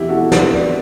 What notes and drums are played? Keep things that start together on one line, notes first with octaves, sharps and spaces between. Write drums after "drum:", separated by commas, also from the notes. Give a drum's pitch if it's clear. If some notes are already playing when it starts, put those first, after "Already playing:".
Already playing: E2 B2 E4 G4
F#4 A4
G4 B4, drum: snare
B4 D5